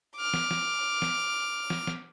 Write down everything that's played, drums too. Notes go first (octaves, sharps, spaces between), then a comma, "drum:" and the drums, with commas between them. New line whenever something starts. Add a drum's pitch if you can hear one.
D6 F6
drum: snare
drum: snare
drum: snare
drum: snare
drum: snare